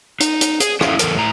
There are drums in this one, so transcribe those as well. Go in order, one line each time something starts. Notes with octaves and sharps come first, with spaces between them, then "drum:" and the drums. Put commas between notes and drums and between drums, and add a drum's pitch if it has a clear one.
D#4, drum: hi-hat
drum: hi-hat
G#4, drum: hi-hat
C#4 D#4 E4 A4 E5 F5, drum: rim click
E2 A4 A#4, drum: hi-hat
A2 A#5